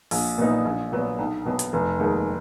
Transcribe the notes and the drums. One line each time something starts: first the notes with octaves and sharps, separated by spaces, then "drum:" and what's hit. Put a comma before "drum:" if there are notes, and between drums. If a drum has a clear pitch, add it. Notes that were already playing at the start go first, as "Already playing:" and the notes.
A#1, drum: open hi-hat
A#2 F#3 B3 D#4
A#1
A#2 F#3 B3
B1
B2 F#3 B3
drum: hi-hat
F1
D#2 D#3 G#3